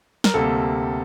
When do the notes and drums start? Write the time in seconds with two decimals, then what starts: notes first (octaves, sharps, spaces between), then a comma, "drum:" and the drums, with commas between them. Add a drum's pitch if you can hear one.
0.24 A#4, drum: snare
0.34 D2 C3 G3 A#3 A4